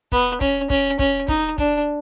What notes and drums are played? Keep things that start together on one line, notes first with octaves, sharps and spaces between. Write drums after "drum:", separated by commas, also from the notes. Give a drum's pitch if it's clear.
B3, drum: kick
C#4, drum: kick
C#4, drum: kick
C#4, drum: kick
D#4, drum: kick
D4, drum: kick